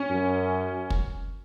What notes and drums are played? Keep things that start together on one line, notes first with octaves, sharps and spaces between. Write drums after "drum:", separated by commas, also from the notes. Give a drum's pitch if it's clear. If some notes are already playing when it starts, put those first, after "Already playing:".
Already playing: C#4
F#2
drum: kick